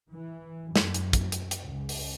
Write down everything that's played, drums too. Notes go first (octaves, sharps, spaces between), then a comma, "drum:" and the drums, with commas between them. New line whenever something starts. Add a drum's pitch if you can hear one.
E3
F#2, drum: snare
drum: hi-hat
drum: kick, hi-hat
drum: hi-hat
drum: hi-hat
C#2
drum: open hi-hat